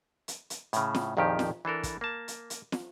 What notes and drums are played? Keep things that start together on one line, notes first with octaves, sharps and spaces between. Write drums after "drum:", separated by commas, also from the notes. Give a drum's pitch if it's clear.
drum: hi-hat
drum: hi-hat
A2 C#3, drum: hi-hat
drum: snare
A#1 F2 A#2 D#3 F3 G4
drum: snare
E3 D4 A4 A#4
drum: kick, hi-hat
A#3 A5
drum: hi-hat
drum: hi-hat
drum: snare